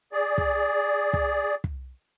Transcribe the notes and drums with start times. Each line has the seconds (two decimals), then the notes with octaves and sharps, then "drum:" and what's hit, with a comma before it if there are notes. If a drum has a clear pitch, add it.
0.13 G#4 D5
0.38 drum: kick
1.13 drum: kick
1.64 drum: kick